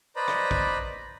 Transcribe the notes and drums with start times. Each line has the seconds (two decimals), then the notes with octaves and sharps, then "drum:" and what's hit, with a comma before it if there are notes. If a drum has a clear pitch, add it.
0.16 B4 C5 D5 D#5 A#5 B5
0.28 drum: rim click
0.51 drum: kick